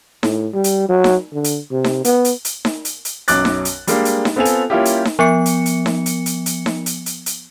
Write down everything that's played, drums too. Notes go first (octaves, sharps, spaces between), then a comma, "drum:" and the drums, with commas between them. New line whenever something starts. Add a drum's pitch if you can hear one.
A2, drum: snare D#4
G3
drum: hi-hat
F#3
drum: snare D#4
D3
drum: hi-hat
C3
drum: snare D#4
B3, drum: hi-hat
drum: hi-hat
drum: hi-hat
drum: snare D#4
drum: hi-hat
drum: hi-hat
B1 F#2 F#3 D6 F#6 A6, drum: hi-hat
drum: snare D#4
drum: hi-hat
G3 G#3 A#3 D4, drum: hi-hat
drum: hi-hat
drum: snare D#4
B3 C4 F4 A4 G#5 F7
drum: hi-hat
G3 A#3 C#4 E4 F4 G4
drum: hi-hat
drum: snare D#4
F3 B3 C#7
drum: hi-hat
drum: hi-hat
drum: snare D#4
drum: hi-hat
drum: hi-hat
drum: hi-hat
drum: snare D#4
drum: hi-hat
drum: hi-hat
drum: hi-hat